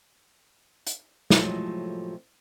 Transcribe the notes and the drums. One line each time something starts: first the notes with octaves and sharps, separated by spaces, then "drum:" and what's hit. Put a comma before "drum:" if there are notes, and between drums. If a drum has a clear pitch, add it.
drum: hi-hat
A2 C3 F3 F#3 G#3 A3, drum: snare